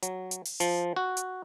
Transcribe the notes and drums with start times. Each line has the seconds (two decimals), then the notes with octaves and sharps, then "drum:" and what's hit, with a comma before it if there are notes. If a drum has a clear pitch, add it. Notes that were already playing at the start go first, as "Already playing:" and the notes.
0.03 F#3, drum: hi-hat
0.31 drum: hi-hat
0.45 drum: open hi-hat
0.60 F3, drum: hi-hat
0.96 F#4
1.17 drum: hi-hat